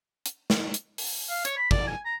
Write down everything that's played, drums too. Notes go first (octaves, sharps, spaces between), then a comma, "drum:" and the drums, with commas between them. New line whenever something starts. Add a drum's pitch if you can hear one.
drum: hi-hat
drum: snare
drum: hi-hat
drum: open hi-hat
F5
C#5, drum: hi-hat
B5
D5, drum: kick
G#5
A#5